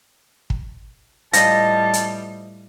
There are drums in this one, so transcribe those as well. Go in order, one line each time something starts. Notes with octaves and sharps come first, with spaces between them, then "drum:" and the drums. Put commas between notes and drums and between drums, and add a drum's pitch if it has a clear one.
drum: kick
A2 F3 G3 D#5 A5 A#6, drum: hi-hat
drum: hi-hat